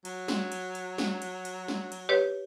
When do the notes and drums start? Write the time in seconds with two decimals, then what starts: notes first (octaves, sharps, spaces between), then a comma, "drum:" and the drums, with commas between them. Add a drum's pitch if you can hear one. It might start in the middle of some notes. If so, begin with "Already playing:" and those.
0.05 F#3, drum: cymbal
0.28 drum: snare
0.52 drum: cymbal
0.75 drum: cymbal
0.98 drum: snare
1.22 drum: cymbal
1.45 drum: cymbal
1.68 drum: snare
1.92 drum: cymbal
2.09 G4 B4 C#5